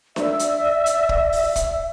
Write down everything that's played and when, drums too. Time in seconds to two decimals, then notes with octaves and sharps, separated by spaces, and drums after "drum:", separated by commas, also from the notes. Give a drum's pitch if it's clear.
0.16 D5 E5 E6, drum: snare D4
0.39 drum: hi-hat
0.86 drum: hi-hat
1.09 drum: kick
1.32 drum: open hi-hat
1.56 drum: kick, hi-hat